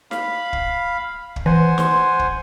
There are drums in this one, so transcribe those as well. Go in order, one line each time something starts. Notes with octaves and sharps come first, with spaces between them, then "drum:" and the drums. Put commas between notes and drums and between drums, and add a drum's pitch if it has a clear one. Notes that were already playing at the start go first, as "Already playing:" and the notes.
F5 B5, drum: snare
drum: kick
drum: kick
E3 C5 F#5 G#5
C6, drum: snare
drum: kick